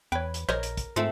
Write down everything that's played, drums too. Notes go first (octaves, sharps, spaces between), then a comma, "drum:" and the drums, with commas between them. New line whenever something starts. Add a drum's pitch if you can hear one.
E2 B4 C#5 G5
drum: hi-hat
A#1 A#4 C5 C#5 D#5, drum: rim click
drum: hi-hat
drum: kick, hi-hat
G#2 A3 C4 F4 A4 C#7